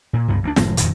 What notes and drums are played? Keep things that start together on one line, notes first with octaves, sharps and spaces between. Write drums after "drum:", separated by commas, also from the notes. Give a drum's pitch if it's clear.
A#2
C#2 G2 B3
D2 A3 D4
F#1 A2 F3 G#3, drum: snare
D#1 F2 G#2 D#3, drum: hi-hat